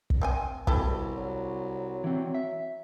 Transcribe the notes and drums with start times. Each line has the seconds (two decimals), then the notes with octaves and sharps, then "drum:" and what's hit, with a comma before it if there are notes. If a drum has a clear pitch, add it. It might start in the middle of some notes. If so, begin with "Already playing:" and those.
0.10 drum: kick
0.22 C4 G5 G#5
0.67 C2 B2 E4 G4 A4, drum: kick
1.17 F#3
2.04 E3 C4
2.35 E5